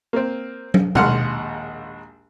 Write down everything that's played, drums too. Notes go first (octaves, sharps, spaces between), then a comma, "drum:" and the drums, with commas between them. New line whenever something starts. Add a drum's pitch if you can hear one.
A#3 C4
drum: tom
A#1 D#2 G#3 F#5 C6 F6, drum: tom B2